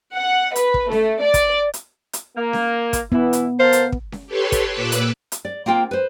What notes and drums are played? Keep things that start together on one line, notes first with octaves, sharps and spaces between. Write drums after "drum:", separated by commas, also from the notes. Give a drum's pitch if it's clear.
F#5
B4, drum: hi-hat
drum: kick
A3, drum: snare C#4
D5
drum: kick, hi-hat
drum: hi-hat
drum: hi-hat
A#3
drum: snare C#4
drum: kick, hi-hat
E3 B3 E4
drum: hi-hat
A#4 C5 F5 A5
drum: hi-hat
drum: kick
drum: snare C#4
G4 A4 B4 C#5 C6
drum: kick, hi-hat
A#2 B4 D6 E6 F#6
drum: hi-hat
drum: hi-hat
D5
A#3 C4 F4 G5
B4 C5